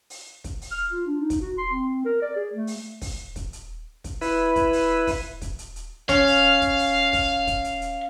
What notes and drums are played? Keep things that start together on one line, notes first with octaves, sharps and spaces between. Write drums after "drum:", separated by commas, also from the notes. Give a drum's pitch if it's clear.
drum: open hi-hat
drum: kick, hi-hat
drum: open hi-hat
F6
F4
D4
D#4
drum: kick, hi-hat
F#4
C6
C4
A#4
D5
G#4
A3
drum: open hi-hat
drum: kick, open hi-hat
drum: kick, hi-hat
drum: hi-hat
drum: kick, hi-hat
E4 B4, drum: open hi-hat
drum: kick, hi-hat
drum: open hi-hat
drum: kick, open hi-hat
drum: kick, hi-hat
drum: hi-hat
drum: hi-hat
C#4 F5, drum: kick, hi-hat
drum: open hi-hat
drum: kick, hi-hat
drum: open hi-hat
drum: kick, open hi-hat
drum: kick, hi-hat
drum: hi-hat
drum: hi-hat